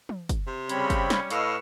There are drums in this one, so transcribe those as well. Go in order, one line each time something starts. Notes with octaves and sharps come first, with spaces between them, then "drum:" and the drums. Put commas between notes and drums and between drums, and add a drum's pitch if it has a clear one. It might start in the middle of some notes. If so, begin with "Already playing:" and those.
drum: tom
drum: kick, hi-hat
C3
C#3 G3 C4 C#4 C#5 B5, drum: hi-hat
drum: kick, hi-hat
drum: snare
A2 B4 D#5 F5 C#6 E6, drum: hi-hat